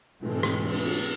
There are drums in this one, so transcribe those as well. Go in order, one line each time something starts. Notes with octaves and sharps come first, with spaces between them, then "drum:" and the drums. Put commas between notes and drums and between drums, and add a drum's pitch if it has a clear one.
G#2 B2 E3 G#3 A3 C4, drum: cymbal
drum: rim click
drum: cymbal
drum: cymbal